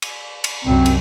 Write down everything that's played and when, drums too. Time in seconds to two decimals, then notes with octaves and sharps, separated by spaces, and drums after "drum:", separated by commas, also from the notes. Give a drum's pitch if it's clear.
0.02 drum: cymbal
0.44 drum: cymbal
0.65 C2 F#2 F#3 C4
0.86 drum: cymbal